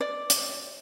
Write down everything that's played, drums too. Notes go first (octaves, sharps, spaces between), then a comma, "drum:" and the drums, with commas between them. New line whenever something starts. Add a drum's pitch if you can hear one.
D5
drum: hi-hat